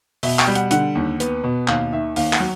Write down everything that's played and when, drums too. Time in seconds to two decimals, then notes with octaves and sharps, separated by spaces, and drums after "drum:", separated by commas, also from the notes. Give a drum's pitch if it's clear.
0.23 B2 E5, drum: open hi-hat
0.39 G5, drum: clap
0.47 G3
0.55 F#5, drum: hi-hat
0.71 D3 F#5, drum: hi-hat
0.95 D#2
1.20 B3, drum: hi-hat
1.44 B2
1.68 D#2 F5, drum: clap
1.92 D#3 E5
2.16 D#2 F5, drum: open hi-hat
2.33 F#5, drum: clap
2.40 F#3